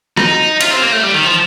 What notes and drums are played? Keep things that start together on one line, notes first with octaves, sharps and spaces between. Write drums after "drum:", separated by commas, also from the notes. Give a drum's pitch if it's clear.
D#4, drum: rim click
F4, drum: cymbal
C4
A#3
A3
G3
D#3
F3